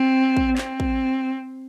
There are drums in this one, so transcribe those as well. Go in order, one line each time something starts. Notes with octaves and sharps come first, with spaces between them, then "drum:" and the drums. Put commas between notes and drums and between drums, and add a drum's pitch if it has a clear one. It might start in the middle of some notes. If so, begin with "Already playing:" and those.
Already playing: C4
drum: kick
C4, drum: clap
drum: kick